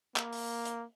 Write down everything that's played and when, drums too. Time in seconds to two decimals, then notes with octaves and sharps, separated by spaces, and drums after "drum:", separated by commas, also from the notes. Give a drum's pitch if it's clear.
0.16 A#3, drum: clap
0.33 drum: open hi-hat
0.65 drum: hi-hat